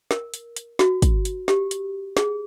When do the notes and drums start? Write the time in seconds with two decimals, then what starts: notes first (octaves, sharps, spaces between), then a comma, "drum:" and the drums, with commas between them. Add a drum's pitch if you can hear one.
0.11 A#4, drum: snare
0.34 drum: hi-hat
0.56 drum: hi-hat
0.79 F#4, drum: snare
1.02 drum: kick, hi-hat
1.25 drum: hi-hat
1.48 G4, drum: snare
1.71 drum: hi-hat
2.17 G#4, drum: snare